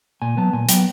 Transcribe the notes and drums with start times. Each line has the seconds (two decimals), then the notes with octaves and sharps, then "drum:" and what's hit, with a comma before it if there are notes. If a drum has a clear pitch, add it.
0.22 A#2 G#5
0.37 F#3 B3 A5
0.53 A#2 G#5
0.69 F#3 B3 G5, drum: hi-hat